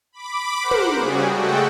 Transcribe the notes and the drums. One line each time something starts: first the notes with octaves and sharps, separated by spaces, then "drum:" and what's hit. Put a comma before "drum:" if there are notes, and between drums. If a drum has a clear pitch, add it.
B5 D6
A#4 C5 F#5
drum: tom
C#3 G3 F#4 G#4
G#3 A3 F#4 A4 G5